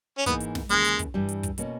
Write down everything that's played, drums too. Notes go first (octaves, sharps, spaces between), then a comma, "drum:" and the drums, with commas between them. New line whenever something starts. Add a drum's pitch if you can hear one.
C#4
G#2 E3 A#3 B3 D#4, drum: kick, hi-hat
drum: hi-hat
drum: snare
D#2 C#3 E3 G#3 A#3, drum: hi-hat
drum: hi-hat
drum: kick, hi-hat
G2 E3 G3
drum: hi-hat
drum: kick, hi-hat
B2 A#3 C#4, drum: hi-hat